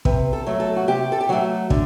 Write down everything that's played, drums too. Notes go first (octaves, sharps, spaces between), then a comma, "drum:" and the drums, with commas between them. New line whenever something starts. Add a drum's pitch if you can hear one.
C3 B4, drum: kick
A4
F#3 A3
A4
F#4
C3 G4
A4
G4
F#3 A3 F#4
D3, drum: kick